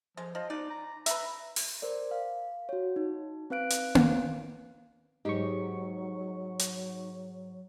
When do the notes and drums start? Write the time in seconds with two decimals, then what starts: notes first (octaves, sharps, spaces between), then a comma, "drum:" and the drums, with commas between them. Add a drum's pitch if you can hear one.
0.17 F3 G#3
0.35 F3 D#5
0.50 D#4 D5
0.70 A#5
1.06 B4 E5 A#5, drum: hi-hat
1.56 drum: open hi-hat
1.82 A#4 C5 D5
2.11 F5
2.69 F#4 C#5
2.96 D#4
3.50 C4 B4 F5 F#6 D7
3.70 drum: hi-hat
3.95 drum: tom A#3
5.25 G#2 F#3 G#3 D#4 G4 C#6
6.59 drum: hi-hat